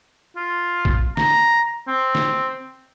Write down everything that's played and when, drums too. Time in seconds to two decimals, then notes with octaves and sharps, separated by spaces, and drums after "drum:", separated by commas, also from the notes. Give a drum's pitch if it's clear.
0.37 F4
0.85 drum: kick
1.17 A#5, drum: snare
1.88 C4
2.15 drum: snare